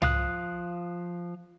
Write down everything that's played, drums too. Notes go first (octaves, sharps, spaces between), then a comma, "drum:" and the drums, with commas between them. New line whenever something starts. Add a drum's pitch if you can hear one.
F3 F5 D#6 F#6, drum: tom C2